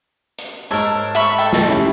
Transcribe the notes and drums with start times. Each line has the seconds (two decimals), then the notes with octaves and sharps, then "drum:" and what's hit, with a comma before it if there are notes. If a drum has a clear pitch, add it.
0.39 drum: hi-hat
0.71 G#2 A#4 C5 C#5 A5 E6
1.15 E5 B5 C#6, drum: hi-hat
1.38 A4 E5 G5
1.53 drum: snare
1.68 C#4 E4 G4